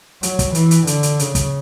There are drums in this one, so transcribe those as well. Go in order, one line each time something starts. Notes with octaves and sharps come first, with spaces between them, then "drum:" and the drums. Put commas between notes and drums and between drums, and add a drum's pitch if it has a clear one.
F#3, drum: hi-hat
drum: kick, hi-hat
E3, drum: hi-hat
drum: hi-hat
D3, drum: hi-hat
drum: hi-hat
C#3, drum: hi-hat
drum: kick, hi-hat